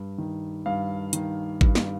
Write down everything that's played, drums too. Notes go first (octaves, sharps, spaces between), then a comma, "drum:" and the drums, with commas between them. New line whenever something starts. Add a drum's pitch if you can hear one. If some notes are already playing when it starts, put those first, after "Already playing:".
Already playing: G2
D#3
G2 F5
D#3, drum: hi-hat
G2, drum: kick G#1
drum: snare